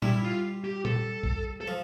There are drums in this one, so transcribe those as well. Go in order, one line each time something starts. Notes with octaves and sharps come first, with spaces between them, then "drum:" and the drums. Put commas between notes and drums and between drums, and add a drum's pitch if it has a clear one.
G3 E4, drum: tom A#2
F4
G4
A4, drum: tom A#2
drum: kick A#1
A4
F3